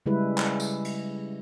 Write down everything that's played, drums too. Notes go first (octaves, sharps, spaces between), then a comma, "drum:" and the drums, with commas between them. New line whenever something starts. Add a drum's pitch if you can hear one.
C#3 G3 G#3 E4 B4
drum: clap
drum: tambourine
drum: cymbal